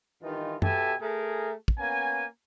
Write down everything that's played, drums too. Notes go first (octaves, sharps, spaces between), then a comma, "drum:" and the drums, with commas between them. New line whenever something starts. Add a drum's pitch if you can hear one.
G2 D#3 E3 D#4 F4
B2 G4 A4 E5 G#5 A5, drum: tom
A3 G#4 A#4
drum: kick
A#3 B3 C#4 G#5